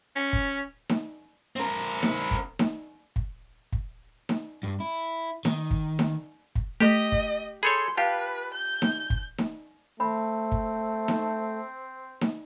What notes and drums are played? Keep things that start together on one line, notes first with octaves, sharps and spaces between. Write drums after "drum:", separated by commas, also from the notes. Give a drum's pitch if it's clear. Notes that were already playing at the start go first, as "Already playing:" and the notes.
C#4
drum: kick
drum: snare D#4
C4 A#4
drum: snare D#4
drum: kick
drum: snare D#4
drum: kick
drum: kick
drum: snare D#4
G2
E4
D#3, drum: snare D#4
drum: kick
drum: snare D#4
drum: kick
A3 G4 D#5 B6
drum: kick
G#4 A4 C#5 B5 C6 G6 G#6
F4 G4 B4 F5 G5 A5
G6
drum: snare D#4
drum: kick
drum: snare D#4
A3 C4 B5
drum: kick
drum: snare D#4
drum: snare D#4